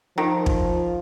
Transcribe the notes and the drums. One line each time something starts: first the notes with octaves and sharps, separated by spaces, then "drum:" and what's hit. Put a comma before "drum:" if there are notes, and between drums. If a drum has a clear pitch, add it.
D#3 F3
drum: kick